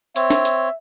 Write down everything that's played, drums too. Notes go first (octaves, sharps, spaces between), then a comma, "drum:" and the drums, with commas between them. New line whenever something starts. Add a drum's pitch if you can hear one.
C4 C#5 E5, drum: hi-hat
drum: snare
drum: hi-hat